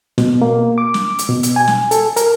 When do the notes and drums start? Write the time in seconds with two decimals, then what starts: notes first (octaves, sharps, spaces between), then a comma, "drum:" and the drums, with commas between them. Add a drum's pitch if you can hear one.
0.18 B2, drum: snare
0.42 A#3
0.78 D6
0.94 drum: snare
1.19 drum: hi-hat
1.28 B2
1.43 drum: hi-hat
1.56 G#5
1.68 drum: snare
1.91 A4, drum: hi-hat
2.16 A#4, drum: hi-hat